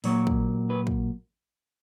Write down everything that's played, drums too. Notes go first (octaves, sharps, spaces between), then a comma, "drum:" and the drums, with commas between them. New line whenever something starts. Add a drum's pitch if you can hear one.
A#2 F#3 A#3 C#5, drum: open hi-hat
drum: kick
B4
drum: kick